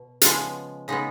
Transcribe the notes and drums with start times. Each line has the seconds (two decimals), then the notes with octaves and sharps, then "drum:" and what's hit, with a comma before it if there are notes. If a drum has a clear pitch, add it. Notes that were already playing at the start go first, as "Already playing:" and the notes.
Already playing: B2
0.21 C#3 F3 G#3 B3 G#4, drum: hi-hat
0.88 C#3 G#3 B3 D#4